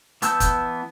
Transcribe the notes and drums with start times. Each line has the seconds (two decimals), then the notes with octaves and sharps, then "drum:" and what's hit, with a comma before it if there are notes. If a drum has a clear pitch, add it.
0.22 E3 B3 A5 E6 G6, drum: hi-hat
0.40 drum: kick, hi-hat